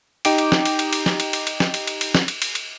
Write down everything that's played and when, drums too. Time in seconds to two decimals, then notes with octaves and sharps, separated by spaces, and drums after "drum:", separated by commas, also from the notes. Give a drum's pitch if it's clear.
0.25 D#4 G4 G5 D6 D7, drum: cymbal
0.38 drum: cymbal
0.52 drum: snare
0.65 drum: cymbal
0.79 drum: cymbal
0.93 drum: cymbal
1.06 drum: snare
1.20 drum: cymbal
1.33 drum: cymbal
1.47 drum: cymbal
1.60 drum: snare
1.74 drum: cymbal
1.87 drum: cymbal
2.01 drum: cymbal
2.15 drum: snare
2.28 drum: cymbal
2.42 drum: cymbal
2.55 drum: cymbal